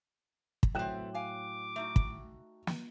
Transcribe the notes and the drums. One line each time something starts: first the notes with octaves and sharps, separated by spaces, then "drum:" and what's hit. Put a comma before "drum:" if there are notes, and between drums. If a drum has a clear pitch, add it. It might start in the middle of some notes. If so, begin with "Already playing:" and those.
drum: kick
A2 F#3 A3 B3 C4 G5 F#6 E7
F5 G#5 D6
A3 D#4 F#4
drum: kick
drum: snare